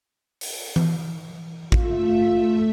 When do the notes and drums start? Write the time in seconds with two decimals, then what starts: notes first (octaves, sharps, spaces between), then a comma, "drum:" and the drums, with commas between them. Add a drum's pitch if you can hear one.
0.41 drum: open hi-hat
0.76 drum: tom E3
1.72 A3 F4 E5, drum: kick A1